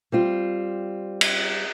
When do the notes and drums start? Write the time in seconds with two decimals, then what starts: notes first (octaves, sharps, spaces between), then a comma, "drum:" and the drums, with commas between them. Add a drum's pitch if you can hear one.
0.12 G3 C4 F4
1.21 drum: cymbal